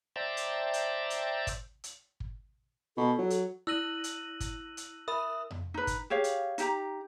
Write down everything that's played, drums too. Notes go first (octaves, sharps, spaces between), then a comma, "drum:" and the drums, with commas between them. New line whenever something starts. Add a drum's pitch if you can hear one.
C5 D5 E5 G5 A5 A#5
drum: hi-hat
drum: hi-hat
drum: hi-hat
drum: kick, hi-hat
drum: hi-hat
drum: kick
B2 A4
F#3
drum: hi-hat
E4 E6 F#6 A#6 D#7 F#7
drum: hi-hat
drum: kick, hi-hat
drum: hi-hat
A#4 E5 B5 D#6
drum: tom F2
D#4 B4
drum: kick, hi-hat
G4 G#4 C#5 F5
drum: hi-hat
D#4 G4 A#5, drum: hi-hat